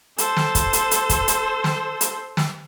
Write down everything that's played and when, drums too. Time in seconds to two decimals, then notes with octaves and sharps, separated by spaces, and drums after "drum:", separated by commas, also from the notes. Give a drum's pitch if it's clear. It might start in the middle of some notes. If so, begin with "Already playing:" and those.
0.18 A4 C5, drum: hi-hat
0.37 drum: snare
0.55 drum: kick, hi-hat
0.73 drum: hi-hat
0.91 drum: hi-hat
1.10 drum: kick, hi-hat
1.28 drum: hi-hat
1.64 drum: snare
2.01 drum: hi-hat
2.37 drum: snare